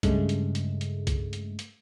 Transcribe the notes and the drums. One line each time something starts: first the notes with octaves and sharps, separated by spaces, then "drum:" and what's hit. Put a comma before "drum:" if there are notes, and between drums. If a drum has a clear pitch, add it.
G2 C#3 G#3 A3, drum: kick, hi-hat
drum: hi-hat
drum: hi-hat
drum: hi-hat
drum: kick, hi-hat
drum: hi-hat
drum: hi-hat